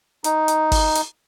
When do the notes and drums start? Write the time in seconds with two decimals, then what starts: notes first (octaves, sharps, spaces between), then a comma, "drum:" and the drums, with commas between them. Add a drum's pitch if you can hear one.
0.24 D#4, drum: hi-hat
0.48 drum: hi-hat
0.72 drum: kick G1, open hi-hat
0.95 drum: hi-hat